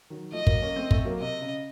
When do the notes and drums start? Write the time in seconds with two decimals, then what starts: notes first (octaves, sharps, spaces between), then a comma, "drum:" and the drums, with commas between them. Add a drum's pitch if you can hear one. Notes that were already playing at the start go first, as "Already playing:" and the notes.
0.10 D#3 F#3
0.32 F3 A3 D#5
0.47 F#3 A#3, drum: kick
0.62 A#3 C#4
0.76 A3 C4
0.91 A3 C4, drum: kick
1.05 F#3 A#3
1.20 C3 D#5
1.42 C#3